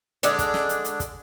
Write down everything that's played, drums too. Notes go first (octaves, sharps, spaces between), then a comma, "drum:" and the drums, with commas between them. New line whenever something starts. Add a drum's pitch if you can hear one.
D3 G#3 D4, drum: hi-hat
drum: kick, hi-hat
drum: snare
drum: hi-hat
drum: hi-hat
drum: kick, hi-hat